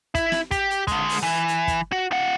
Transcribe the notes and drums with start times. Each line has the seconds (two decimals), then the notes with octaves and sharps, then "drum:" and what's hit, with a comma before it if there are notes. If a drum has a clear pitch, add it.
0.15 E4, drum: kick, hi-hat
0.32 drum: snare
0.51 G4, drum: kick, hi-hat
0.71 drum: hi-hat
0.87 D3 G#3, drum: kick, hi-hat
1.09 drum: open hi-hat
1.23 E3
1.48 drum: hi-hat
1.68 drum: kick, hi-hat
1.92 F#4
2.12 F4 F#5